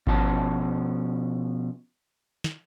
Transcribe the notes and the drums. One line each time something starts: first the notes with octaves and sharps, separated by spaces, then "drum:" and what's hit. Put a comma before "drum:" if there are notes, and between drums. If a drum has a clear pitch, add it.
B2 F3 C#4 A5, drum: kick G#1
drum: snare